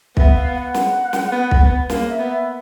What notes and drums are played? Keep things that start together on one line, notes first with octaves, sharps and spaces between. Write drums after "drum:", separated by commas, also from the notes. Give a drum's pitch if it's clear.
B3 E5, drum: kick
F5
F#5
drum: snare
drum: snare
B3
drum: kick
B3
A#3 F5, drum: snare
E5
B3
E5